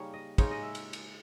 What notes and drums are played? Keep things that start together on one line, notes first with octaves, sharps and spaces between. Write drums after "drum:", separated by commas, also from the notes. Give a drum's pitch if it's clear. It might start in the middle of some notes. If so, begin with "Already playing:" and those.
Already playing: C#3 G3 A#3 D#4 C#5
D#5
C#3 G#3 D#4 C#5, drum: kick, cymbal
D#5
E5
drum: cymbal
drum: cymbal